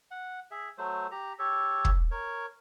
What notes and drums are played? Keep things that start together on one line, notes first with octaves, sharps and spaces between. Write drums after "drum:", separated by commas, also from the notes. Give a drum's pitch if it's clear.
F#5
G#4 E5
F#3 A3 C5
G4 A#5
G4 A4 C#5
drum: kick
A#4 C#5